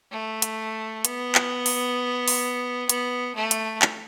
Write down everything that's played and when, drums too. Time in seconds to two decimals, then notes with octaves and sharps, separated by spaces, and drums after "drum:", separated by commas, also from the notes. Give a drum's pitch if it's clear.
0.12 A3
0.42 drum: hi-hat
1.05 B3, drum: hi-hat
1.35 drum: clap
1.66 drum: open hi-hat
2.28 drum: open hi-hat
2.89 B3, drum: hi-hat
3.35 A3
3.51 drum: hi-hat
3.82 drum: clap